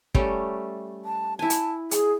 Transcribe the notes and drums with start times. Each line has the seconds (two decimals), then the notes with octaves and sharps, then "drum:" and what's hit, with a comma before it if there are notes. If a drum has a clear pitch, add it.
0.15 G3 A3 C#4, drum: kick
1.05 A5
1.39 E4 G#5 A5
1.50 drum: hi-hat
1.91 G#4, drum: hi-hat